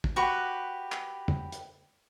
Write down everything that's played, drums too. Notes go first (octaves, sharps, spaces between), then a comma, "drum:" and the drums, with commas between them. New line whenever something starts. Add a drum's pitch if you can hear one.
drum: kick
F#4 G4 B4 C#6
drum: clap
drum: tom
drum: hi-hat